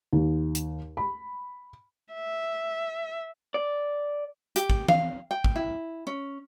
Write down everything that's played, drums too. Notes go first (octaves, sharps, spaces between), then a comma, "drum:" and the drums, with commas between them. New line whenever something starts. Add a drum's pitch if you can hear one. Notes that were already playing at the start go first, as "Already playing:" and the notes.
D#2
drum: hi-hat
B5
E5
D5
G4, drum: hi-hat
drum: kick
F5, drum: tom
G5
drum: kick
E4
C#4